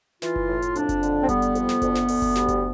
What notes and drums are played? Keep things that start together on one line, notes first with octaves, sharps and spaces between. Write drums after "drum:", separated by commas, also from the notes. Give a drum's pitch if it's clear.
E3 F4, drum: snare
drum: kick F#1
A2
drum: hi-hat
F2 D4, drum: hi-hat
drum: kick F#1, hi-hat
D3, drum: hi-hat
C4
G3 B3, drum: kick F#1, hi-hat
drum: hi-hat
F2, drum: hi-hat
drum: snare
D2, drum: kick F#1, hi-hat
drum: snare
D2, drum: open hi-hat
drum: kick F#1, hi-hat
G3, drum: snare
drum: kick F#1, hi-hat